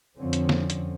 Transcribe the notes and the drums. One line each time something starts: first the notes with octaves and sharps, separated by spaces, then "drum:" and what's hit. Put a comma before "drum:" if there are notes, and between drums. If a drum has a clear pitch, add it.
F2 D3 F3 C4 C#4
drum: hi-hat
drum: snare
drum: hi-hat